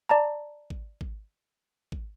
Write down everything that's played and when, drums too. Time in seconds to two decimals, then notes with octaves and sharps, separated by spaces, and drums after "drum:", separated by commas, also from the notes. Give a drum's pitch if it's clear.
0.09 D5 A5 A#5
0.70 drum: kick
1.01 drum: kick
1.92 drum: kick